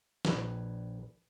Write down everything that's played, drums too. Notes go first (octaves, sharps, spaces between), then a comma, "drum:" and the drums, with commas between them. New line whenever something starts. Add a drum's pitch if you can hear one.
A#1 B4, drum: snare